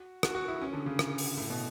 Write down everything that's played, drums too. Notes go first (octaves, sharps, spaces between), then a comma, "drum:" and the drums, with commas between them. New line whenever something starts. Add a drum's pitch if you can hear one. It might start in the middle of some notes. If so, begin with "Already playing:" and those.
Already playing: F#4
F#4, drum: rim click
F#4
E4
C#4
D3
C#3
drum: rim click
drum: open hi-hat
A2
B2